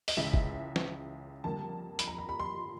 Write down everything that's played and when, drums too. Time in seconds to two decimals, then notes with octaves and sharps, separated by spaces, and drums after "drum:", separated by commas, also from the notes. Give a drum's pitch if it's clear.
0.08 D#5, drum: open hi-hat
0.17 C#2 C#3 E3 G#3 E5
0.34 drum: kick
0.76 drum: snare
1.44 F2 D3 G3 A#3 A5
1.99 B5, drum: hi-hat
2.08 A#5
2.18 B5
2.29 B5
2.40 C6